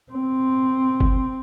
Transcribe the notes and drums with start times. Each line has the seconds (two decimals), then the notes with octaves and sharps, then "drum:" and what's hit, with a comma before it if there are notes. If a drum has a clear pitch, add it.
0.12 C4
1.00 drum: kick G1